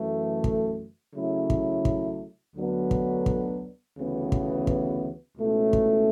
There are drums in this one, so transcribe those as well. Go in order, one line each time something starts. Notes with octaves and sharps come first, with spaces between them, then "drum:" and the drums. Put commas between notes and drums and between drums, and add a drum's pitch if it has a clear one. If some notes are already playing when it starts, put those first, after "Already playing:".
Already playing: F#2 E3 A3
drum: kick
C#3 F#3 A3 E4
drum: kick
drum: kick
D2 D3 F#3 B3 D4
drum: kick
drum: kick
D2 C#3 E3 B3
drum: kick
drum: kick
C#2 B2 A3 C#4 E4
drum: kick